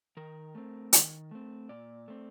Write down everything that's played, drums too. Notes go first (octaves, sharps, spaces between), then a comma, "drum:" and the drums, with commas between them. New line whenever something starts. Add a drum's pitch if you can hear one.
D#3 A#4
A3 C4
D#3, drum: hi-hat
A3 C4
A#2 D5
A3 C4